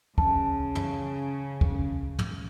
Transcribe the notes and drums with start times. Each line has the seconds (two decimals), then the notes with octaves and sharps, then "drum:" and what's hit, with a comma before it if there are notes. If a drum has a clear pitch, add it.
0.18 C#3 A5, drum: kick
0.75 drum: tom
1.61 drum: kick
2.19 drum: tom